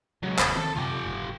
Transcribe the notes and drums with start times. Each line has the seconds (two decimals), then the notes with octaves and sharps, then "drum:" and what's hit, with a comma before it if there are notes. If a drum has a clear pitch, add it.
0.23 C#3 F#3 G#3
0.39 F1 D#2 D#3 B5, drum: clap
0.56 D#3 F3 C4 A4
0.76 F#2 C3 F4 G4
1.05 F#1 G#2 B2